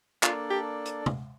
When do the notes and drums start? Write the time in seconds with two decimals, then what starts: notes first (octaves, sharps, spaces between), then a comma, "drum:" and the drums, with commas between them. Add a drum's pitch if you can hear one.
0.23 A#3 D4 F4 A4 D5, drum: clap
0.50 G4
0.86 drum: hi-hat
1.06 drum: tom